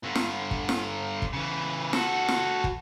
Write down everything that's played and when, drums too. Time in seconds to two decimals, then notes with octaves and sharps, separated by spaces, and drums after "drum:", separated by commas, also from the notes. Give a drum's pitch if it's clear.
0.03 G2 D3
0.15 drum: snare
0.51 drum: kick
0.69 drum: snare
1.22 drum: kick
1.33 C#3 E3
1.93 F#4 A4, drum: snare
2.28 drum: snare
2.64 drum: kick